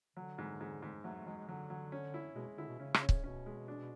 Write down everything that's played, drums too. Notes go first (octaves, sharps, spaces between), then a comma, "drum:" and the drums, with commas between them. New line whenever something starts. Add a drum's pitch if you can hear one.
D3 F#3
G#2
G#2
G#2
F#3 A3
A3
F#3 G#3
G#3
D3 F#3
F#3
C#4
E4
B2 G#3
D3 E4
B2
C#3 C#4
C#3, drum: rim click
C#4
C#3, drum: kick C#1
B2 C#4
G#3
D4